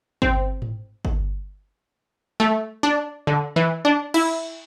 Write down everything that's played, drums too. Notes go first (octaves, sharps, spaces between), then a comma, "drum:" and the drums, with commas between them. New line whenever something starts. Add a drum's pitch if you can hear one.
C4, drum: kick G1
drum: tom G#2
drum: kick G1
A3, drum: snare
D4
D3
E3
D4
E4, drum: cymbal